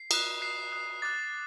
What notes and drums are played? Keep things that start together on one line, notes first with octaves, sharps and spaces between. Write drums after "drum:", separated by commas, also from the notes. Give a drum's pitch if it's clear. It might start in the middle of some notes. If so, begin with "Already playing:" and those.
Already playing: C7
D#6 F#6, drum: cymbal
D#6 F#6 C7
D#6 F#6
D6 F#6 A6